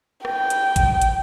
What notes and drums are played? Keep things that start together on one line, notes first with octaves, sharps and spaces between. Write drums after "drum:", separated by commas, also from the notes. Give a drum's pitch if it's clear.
G5, drum: rim click
drum: hi-hat
drum: kick A1, hi-hat
drum: hi-hat